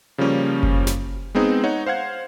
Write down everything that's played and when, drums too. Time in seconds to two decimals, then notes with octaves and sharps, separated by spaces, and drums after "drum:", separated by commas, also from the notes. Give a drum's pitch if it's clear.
0.18 C#3 F3 G3 A#3 C#4
0.63 drum: kick F#1
0.87 drum: snare
1.35 G#3 B3 C4 D#4 G#4
1.64 D#4 C#5 F#5
1.87 C5 F5 F#5 G#6